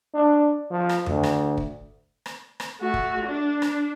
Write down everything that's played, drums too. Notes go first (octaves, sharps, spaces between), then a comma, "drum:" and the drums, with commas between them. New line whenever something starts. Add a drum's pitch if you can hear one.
D4
F3
drum: rim click
D2, drum: tom F2
drum: rim click
drum: kick
drum: rim click
drum: rim click
A3 F#4
drum: kick
D4
drum: rim click